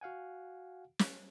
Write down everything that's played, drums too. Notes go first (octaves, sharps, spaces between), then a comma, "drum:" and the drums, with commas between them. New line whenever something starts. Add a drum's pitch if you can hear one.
F#4 F5 F#5 G#5
drum: snare